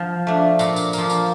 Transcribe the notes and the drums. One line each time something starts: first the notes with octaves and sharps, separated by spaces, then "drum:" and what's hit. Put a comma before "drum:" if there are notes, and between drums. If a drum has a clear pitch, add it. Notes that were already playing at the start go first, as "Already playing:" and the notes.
Already playing: F3
A3 D4
A#2, drum: tambourine
drum: tambourine
F3 A#3, drum: tambourine
drum: tambourine